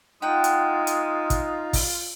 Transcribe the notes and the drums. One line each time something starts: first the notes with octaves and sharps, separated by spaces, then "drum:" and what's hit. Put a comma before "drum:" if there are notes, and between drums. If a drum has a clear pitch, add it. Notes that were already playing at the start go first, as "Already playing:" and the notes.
G#3 D#4 F4 F#5 G5
drum: hi-hat
drum: hi-hat
drum: kick, hi-hat
drum: kick, open hi-hat